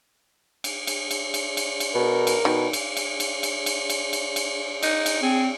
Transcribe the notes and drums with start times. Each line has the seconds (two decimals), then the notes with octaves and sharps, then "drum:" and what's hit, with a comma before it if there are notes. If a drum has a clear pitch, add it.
0.64 drum: cymbal
0.87 drum: cymbal
1.11 drum: cymbal
1.34 drum: cymbal
1.57 drum: cymbal
1.80 drum: cymbal
1.95 B2 A#4
2.27 drum: cymbal
2.45 B2 D#3
2.73 drum: cymbal
2.97 drum: cymbal
3.20 drum: cymbal
3.43 drum: cymbal
3.66 drum: cymbal
3.90 drum: cymbal
4.13 drum: cymbal
4.36 drum: cymbal
4.83 D#4, drum: cymbal
5.06 drum: cymbal
5.22 C4 G#4